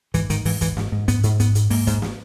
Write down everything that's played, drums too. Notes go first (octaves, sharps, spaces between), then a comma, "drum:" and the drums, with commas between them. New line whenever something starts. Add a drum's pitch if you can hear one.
G#2 E3, drum: kick, hi-hat
G#2 D#3, drum: hi-hat
G#2 E3, drum: open hi-hat
G#2 E3, drum: kick, hi-hat
G#2, drum: snare
G#2
G#2 B3, drum: hi-hat
G#2, drum: hi-hat
G#2 B3, drum: kick, hi-hat
G#2, drum: hi-hat
G#2 A#3, drum: open hi-hat
G#2, drum: kick, hi-hat
drum: snare